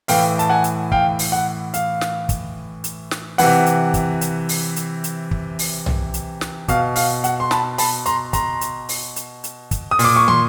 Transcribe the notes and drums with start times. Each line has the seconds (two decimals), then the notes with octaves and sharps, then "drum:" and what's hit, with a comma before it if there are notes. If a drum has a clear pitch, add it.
0.08 A2 E3 F5 G5, drum: open hi-hat
0.39 A5, drum: hi-hat
0.50 F#5 G#5
0.64 drum: hi-hat
0.92 F5 G5, drum: kick
1.19 drum: open hi-hat
1.32 F#5
1.74 F5, drum: hi-hat
2.01 drum: snare
2.29 drum: kick, hi-hat
2.84 drum: hi-hat
3.11 drum: snare
3.38 C3 E3 F#5, drum: open hi-hat
3.66 drum: hi-hat
3.94 drum: kick, hi-hat
4.21 drum: hi-hat
4.49 drum: open hi-hat
4.76 drum: hi-hat
5.04 drum: hi-hat
5.31 drum: kick
5.59 drum: open hi-hat
5.86 drum: tom B1
6.14 drum: hi-hat
6.41 drum: snare
6.68 B2 F5, drum: kick, hi-hat
6.96 F5, drum: open hi-hat
7.24 F#5, drum: hi-hat
7.40 C6
7.51 A5 B5, drum: snare
7.78 A5 B5, drum: open hi-hat
8.06 A#5 C6, drum: hi-hat
8.33 A#5 C6, drum: kick, hi-hat
8.61 drum: hi-hat
8.89 drum: open hi-hat
9.16 drum: hi-hat
9.44 drum: hi-hat
9.71 drum: kick, hi-hat
9.91 D#6
9.99 A#2, drum: open hi-hat
10.04 D6
10.16 C#6
10.28 C6, drum: tom